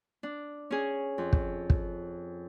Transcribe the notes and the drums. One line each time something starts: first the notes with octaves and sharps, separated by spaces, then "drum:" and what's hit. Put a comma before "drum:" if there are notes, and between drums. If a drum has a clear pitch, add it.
D4
C#4 G#4
F2
drum: kick
drum: kick